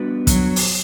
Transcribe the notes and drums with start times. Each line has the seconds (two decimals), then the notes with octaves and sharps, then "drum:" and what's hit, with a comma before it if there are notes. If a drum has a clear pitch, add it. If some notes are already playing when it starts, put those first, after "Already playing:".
Already playing: G3 B3 D4 F#4 B4
0.27 F#3, drum: kick, hi-hat
0.56 drum: open hi-hat